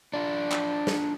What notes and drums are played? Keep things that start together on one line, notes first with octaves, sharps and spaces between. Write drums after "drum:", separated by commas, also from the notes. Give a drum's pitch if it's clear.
D4 F4
drum: clap
drum: snare